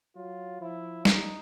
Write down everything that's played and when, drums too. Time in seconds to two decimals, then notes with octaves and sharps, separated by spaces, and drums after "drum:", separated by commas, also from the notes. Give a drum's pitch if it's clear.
0.16 F#3 F4
0.61 F3 E4
1.05 G3 D#4, drum: snare